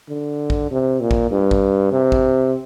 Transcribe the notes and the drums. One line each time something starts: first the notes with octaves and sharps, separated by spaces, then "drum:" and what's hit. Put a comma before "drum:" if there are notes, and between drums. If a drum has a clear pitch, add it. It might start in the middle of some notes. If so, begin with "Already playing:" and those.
D3
drum: kick
C3
A#2
drum: kick
G2
drum: kick
C3
drum: kick